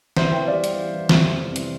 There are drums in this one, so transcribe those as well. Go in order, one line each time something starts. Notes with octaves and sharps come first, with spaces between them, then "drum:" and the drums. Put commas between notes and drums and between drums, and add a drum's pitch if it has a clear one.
E3 C5 E5, drum: snare
E3 E5 G5
G3 D5 F5
E3, drum: hi-hat
G3
E3
G3 C5 E5, drum: snare
F2
C3
E3, drum: hi-hat